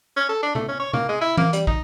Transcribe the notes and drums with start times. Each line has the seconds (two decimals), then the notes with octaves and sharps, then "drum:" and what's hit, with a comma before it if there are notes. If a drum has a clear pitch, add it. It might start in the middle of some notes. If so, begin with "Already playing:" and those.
0.17 C#4
0.29 A4
0.43 D4
0.55 A3, drum: tom C3
0.68 C#4
0.79 C#5
0.93 A#3, drum: tom C3
1.09 G#3
1.21 E4
1.37 A#3, drum: tom E3
1.53 G3, drum: hi-hat
1.67 D#4, drum: kick